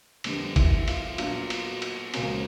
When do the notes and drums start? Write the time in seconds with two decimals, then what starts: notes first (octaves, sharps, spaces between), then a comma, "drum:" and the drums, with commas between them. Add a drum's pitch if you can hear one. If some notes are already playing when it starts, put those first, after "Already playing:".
0.24 F2 D3 G3 B3 D4, drum: cymbal
0.56 E4, drum: kick F#1, cymbal
0.88 F4, drum: cymbal
1.18 A#2 F#3 B3 D4 F4, drum: cymbal
1.50 drum: cymbal
1.66 F#4
1.82 drum: cymbal
2.14 C#2 C#3 F3 A#3 C#4 F#4, drum: cymbal